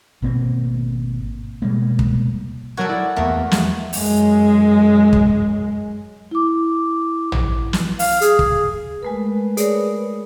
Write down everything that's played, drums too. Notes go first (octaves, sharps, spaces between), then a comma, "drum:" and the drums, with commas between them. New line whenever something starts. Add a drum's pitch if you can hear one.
G#1 B2 A#3 C4
B2 G3 G#3 A#3
drum: kick
F#3 F#4 A4 A#4 G#6
E4 D5
E2 A3 A#3 A#4
G#3 A#3, drum: snare
F#2 G#3, drum: open hi-hat
drum: kick
E4 D6
drum: tom
drum: snare
F5, drum: open hi-hat
G#4, drum: hi-hat
drum: kick
G#3 A3 A#4 B4
G#4 A#4 C#5 D5, drum: hi-hat